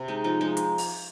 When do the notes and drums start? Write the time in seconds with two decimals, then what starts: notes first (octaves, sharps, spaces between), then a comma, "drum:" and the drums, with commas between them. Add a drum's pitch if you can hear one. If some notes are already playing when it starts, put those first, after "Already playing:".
Already playing: C3
0.08 G#3 D#4
0.24 F3 D#4
0.41 G#3 D#4
0.57 drum: hi-hat
0.78 drum: open hi-hat